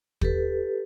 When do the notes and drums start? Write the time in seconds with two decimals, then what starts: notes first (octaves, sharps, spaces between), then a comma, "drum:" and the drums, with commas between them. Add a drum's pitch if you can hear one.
0.21 G4 A4 B4, drum: kick